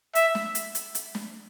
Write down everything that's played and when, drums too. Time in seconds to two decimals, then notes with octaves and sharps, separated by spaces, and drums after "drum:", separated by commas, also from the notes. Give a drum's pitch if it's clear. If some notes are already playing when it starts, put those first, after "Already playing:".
0.15 E5, drum: hi-hat
0.35 drum: snare
0.55 drum: hi-hat
0.75 drum: hi-hat
0.95 drum: hi-hat
1.15 drum: snare